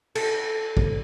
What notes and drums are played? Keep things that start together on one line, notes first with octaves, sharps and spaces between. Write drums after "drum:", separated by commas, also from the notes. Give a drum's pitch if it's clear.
A4, drum: cymbal
drum: kick